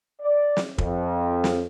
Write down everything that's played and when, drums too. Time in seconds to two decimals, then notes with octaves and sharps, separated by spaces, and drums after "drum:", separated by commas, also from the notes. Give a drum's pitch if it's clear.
0.21 D5
0.57 drum: snare
0.78 F2, drum: kick
1.44 drum: snare